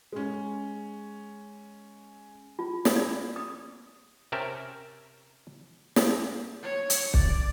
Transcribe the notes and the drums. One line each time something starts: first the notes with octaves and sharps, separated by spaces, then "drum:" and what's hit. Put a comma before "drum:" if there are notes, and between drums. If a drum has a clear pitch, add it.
G#3 C#4
F4
drum: snare
D5
D#6
C3 C#4 A#4 E5 G5 A5
drum: snare
C#5
drum: hi-hat
D5, drum: kick